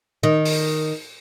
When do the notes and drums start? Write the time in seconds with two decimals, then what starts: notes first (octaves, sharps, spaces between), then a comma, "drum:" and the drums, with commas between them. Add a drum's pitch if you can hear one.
0.23 D#3
0.45 drum: open hi-hat